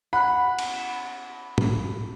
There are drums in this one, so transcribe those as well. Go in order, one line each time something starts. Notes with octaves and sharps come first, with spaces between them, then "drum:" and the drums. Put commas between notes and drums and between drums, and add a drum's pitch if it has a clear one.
F#5 B5 F#6
drum: cymbal
E7
drum: tom